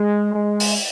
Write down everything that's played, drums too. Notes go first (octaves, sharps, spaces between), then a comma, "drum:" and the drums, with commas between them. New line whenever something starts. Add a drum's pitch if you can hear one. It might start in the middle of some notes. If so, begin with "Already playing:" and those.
Already playing: G#3
G#3
drum: open hi-hat